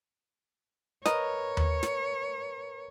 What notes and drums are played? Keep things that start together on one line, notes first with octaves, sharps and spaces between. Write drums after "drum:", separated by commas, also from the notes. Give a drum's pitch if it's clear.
A#4 B4 C#5 D#5 A#5, drum: snare
drum: tom D#2
drum: snare